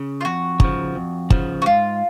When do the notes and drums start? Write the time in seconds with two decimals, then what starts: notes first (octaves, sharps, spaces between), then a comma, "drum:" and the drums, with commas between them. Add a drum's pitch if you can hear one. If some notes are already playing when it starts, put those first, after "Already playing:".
Already playing: C#3
0.21 F4
0.25 F2 F#4
0.60 C#3 F3, drum: kick
0.95 F2
1.30 C#3 F3, drum: kick
1.62 F#4
1.66 G#2 F4